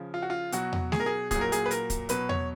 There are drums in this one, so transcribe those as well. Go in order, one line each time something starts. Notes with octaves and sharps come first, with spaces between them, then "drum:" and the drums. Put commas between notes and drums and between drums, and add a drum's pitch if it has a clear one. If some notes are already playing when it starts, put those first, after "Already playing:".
Already playing: C#3 F3
F4
F#4
F4
B2 F#3 F#4, drum: hi-hat
drum: tom E2
G#4, drum: snare A3
A#4
G#4
A#2 F#3 G#4, drum: kick, hi-hat
A#4
G#4, drum: hi-hat
B4
A#4, drum: hi-hat
drum: kick, hi-hat
B2 F#3 B4, drum: hi-hat
C#5, drum: tom E2